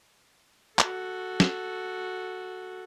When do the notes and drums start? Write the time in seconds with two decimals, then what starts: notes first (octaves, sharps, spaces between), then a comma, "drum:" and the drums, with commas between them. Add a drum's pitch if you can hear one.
0.79 F#4 A4, drum: clap
1.40 drum: snare